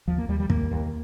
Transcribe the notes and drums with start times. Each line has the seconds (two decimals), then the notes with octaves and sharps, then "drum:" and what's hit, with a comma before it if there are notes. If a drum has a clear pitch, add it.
0.08 D#2 F3
0.18 A#3
0.29 D#2 G3
0.40 G3
0.50 D#2 A#3, drum: kick
0.71 D#2